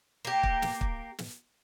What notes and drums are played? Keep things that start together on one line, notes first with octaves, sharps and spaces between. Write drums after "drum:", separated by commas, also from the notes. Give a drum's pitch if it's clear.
A#3 G4
drum: kick
drum: snare
drum: kick
drum: snare